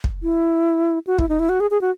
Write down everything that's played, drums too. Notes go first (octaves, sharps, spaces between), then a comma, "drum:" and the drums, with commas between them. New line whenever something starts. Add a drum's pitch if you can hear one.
drum: kick
E4
F#4
E4, drum: kick
D#4
E4
F#4
G#4
G#4
F#4